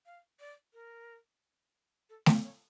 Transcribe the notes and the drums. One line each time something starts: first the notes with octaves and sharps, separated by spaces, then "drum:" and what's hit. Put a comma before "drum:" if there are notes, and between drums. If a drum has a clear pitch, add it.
F5
D5
A#4
A4
A#4, drum: snare A3
C#5